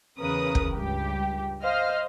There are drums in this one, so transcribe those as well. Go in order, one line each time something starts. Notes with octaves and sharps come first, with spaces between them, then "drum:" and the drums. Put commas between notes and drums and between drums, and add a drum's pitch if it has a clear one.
E2 C#3 A#4 B4 D#6
drum: kick
C#2 G2 G4
C5 D#5 F5 F6